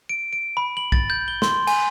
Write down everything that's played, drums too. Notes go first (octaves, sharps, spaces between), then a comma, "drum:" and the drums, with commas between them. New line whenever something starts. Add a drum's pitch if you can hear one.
D7
D7
B5
F#7
A6, drum: kick B1
G6
G7
C6, drum: snare
G#5, drum: cymbal